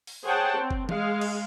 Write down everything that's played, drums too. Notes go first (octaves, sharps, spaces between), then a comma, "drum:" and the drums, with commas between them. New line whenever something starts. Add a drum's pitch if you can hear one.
drum: open hi-hat
G#4 C5 C#5 F#5 G5 A5
C4
drum: kick F#1
G#3 F5, drum: tom
drum: cymbal